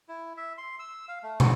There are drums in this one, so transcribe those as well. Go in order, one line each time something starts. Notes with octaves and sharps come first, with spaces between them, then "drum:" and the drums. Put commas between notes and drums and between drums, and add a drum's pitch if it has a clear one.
E4
E5
C6
E6
F5
A3
F#4, drum: tom